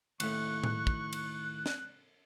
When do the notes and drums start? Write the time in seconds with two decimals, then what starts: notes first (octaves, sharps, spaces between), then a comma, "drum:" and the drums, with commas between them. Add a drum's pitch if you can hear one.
0.20 D#2 A2 A3 C#6 F#6, drum: cymbal
0.64 drum: tom A2
0.87 drum: kick
1.13 drum: cymbal
1.66 drum: snare